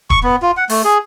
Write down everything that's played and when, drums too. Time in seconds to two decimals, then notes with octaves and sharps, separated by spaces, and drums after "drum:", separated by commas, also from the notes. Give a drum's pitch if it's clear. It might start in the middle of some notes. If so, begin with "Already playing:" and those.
0.10 C#6, drum: kick D#1
0.23 B3
0.42 F4
0.57 F#5
0.69 A3, drum: open hi-hat
0.85 G#4